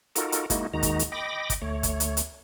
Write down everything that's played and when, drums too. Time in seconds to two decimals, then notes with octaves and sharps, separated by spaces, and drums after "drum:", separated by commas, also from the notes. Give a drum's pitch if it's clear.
0.16 D#4 F4 F#4 A4 A#4, drum: hi-hat
0.32 drum: hi-hat
0.50 G#3 A#3 D#4 E4 F#4, drum: kick, hi-hat
0.74 D#2 D#3 G#3 D#4 F#4 A#5
0.83 drum: kick, hi-hat
0.99 drum: hi-hat
1.12 D#5 G5 B5 D6 A#6
1.50 drum: kick, hi-hat
1.62 D2 A3 C#5
1.83 drum: kick, hi-hat
2.00 drum: hi-hat
2.17 drum: hi-hat